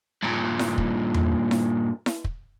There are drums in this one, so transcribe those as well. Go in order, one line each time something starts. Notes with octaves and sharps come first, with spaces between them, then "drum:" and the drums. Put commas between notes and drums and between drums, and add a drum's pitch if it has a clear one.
G2 A#2
drum: snare E4
drum: kick
drum: tom E2
drum: snare E4
drum: snare E4
drum: kick